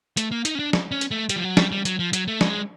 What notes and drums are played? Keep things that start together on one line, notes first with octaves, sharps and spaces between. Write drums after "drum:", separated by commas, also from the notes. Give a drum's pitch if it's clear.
A3, drum: hi-hat
A#3
D#4, drum: hi-hat
C#4
D4
drum: snare
C#4
drum: hi-hat
A3
G3, drum: hi-hat
F3
F#3
G3, drum: snare
G3
F#3, drum: hi-hat
F3
F#3, drum: hi-hat
A3
G#3, drum: snare